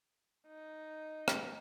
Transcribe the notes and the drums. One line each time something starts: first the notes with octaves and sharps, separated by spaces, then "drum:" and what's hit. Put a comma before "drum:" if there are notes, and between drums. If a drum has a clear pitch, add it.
D#4
drum: rim click